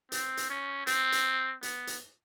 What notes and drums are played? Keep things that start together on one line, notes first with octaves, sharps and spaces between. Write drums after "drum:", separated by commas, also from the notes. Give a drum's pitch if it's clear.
C4, drum: hi-hat
drum: hi-hat
C#4
C4, drum: hi-hat
drum: hi-hat
B3, drum: hi-hat
drum: hi-hat